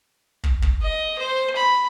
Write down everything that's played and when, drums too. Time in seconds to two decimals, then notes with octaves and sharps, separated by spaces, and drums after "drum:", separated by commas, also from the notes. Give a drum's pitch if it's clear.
0.44 drum: kick
0.62 drum: kick
0.82 D#5
1.19 C5
1.56 B5